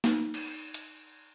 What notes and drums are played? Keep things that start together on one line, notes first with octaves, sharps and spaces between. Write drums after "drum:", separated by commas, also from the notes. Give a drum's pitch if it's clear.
D#4, drum: snare
drum: cymbal
drum: hi-hat